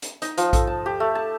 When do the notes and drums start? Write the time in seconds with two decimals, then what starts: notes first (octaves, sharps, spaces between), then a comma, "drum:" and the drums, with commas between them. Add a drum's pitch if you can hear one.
0.02 drum: hi-hat
0.22 D#4, drum: hi-hat
0.37 F3, drum: hi-hat
0.53 A4, drum: kick A#1, hi-hat
0.67 A5
0.86 G4
1.00 A3
1.15 A5